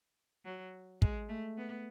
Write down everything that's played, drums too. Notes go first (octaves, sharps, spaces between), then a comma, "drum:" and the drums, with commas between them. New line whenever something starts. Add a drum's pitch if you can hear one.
F#3
G#3, drum: kick
A3
B3